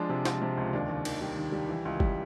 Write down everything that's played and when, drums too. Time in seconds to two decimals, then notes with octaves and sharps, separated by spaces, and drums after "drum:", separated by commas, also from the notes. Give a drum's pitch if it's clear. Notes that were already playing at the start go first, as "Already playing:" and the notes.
Already playing: F3 G#3 D4
0.09 C3
0.25 F3, drum: snare
0.42 C3
0.57 C#2
0.73 D#2 D4
0.89 D#2
1.05 D#3, drum: cymbal
1.21 G3
1.37 D#3
1.52 G3
1.69 E3
1.85 C#2
2.00 G3, drum: kick G1